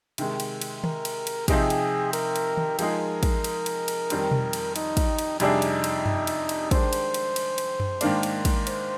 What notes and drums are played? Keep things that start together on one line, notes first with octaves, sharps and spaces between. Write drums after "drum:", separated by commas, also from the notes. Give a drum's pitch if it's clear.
C3 D#3 G#3, drum: cymbal
drum: cymbal
drum: cymbal
A#4, drum: tom
drum: cymbal
drum: cymbal
C3 F3 C4 D#4 G4 G#4, drum: kick, cymbal
drum: cymbal
A#4, drum: cymbal
drum: cymbal
drum: tom
F3 G#3 D#4 G#4 A#4, drum: cymbal
drum: kick, cymbal
drum: cymbal
drum: cymbal
drum: cymbal
F2 D#3 G3 C4, drum: cymbal
drum: tom B2
drum: cymbal
D#4, drum: cymbal
drum: kick, cymbal
drum: cymbal
F2 C3 G3 D4 D#4 G#4, drum: cymbal
drum: cymbal
drum: cymbal
drum: tom F#2
drum: cymbal
drum: cymbal
D#3 G#3 D4 C5, drum: kick, cymbal
drum: cymbal
drum: cymbal
drum: cymbal
drum: cymbal
drum: tom F#2
G#2 D#3 A#3 D4, drum: cymbal
drum: cymbal
drum: kick, cymbal
C5, drum: cymbal